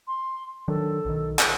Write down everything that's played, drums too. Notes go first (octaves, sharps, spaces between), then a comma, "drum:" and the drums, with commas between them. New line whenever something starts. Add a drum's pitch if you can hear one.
C6
D#3 F#3 D4 A4
B1 D#3
drum: clap